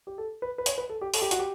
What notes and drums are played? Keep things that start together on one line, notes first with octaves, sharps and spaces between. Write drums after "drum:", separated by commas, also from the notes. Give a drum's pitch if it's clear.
G4
A4
B4
B4
C#5, drum: hi-hat
B4
A4
G4
A4, drum: open hi-hat
G4
F#4, drum: hi-hat
G4